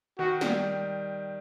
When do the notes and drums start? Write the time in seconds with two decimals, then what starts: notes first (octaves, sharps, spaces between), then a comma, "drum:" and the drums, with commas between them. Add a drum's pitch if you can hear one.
0.19 D#3 F#4
0.41 G3, drum: snare